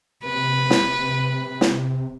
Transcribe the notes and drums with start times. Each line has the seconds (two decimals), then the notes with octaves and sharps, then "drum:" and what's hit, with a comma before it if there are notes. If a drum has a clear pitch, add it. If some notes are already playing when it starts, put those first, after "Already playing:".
0.25 C3 B4
0.70 drum: snare
1.61 drum: snare